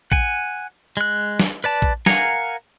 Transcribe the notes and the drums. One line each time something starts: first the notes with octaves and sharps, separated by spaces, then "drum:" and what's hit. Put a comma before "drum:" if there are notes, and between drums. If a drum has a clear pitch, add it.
F#5 G#5, drum: kick A#1
G#3 F#6
drum: snare
B4 D5 A5
drum: kick A#1
A#4 F5 F#5 G#5 A#5, drum: snare